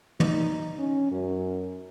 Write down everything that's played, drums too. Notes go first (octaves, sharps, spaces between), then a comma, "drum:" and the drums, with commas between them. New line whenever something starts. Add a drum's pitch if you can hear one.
D#4, drum: tom
C#4
F#2